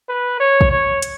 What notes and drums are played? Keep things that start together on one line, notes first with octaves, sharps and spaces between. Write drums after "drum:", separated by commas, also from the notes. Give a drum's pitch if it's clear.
B4
C#5
drum: kick
C#5
drum: hi-hat